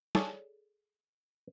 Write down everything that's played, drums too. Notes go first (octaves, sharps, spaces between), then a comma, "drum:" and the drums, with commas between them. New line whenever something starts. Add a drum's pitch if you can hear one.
G#4 A4 C#5 D5 A5, drum: snare